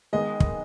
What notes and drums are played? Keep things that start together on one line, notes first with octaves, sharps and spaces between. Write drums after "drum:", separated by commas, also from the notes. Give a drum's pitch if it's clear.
D#3 G#3 B3 D#4 G#4 D#5
drum: kick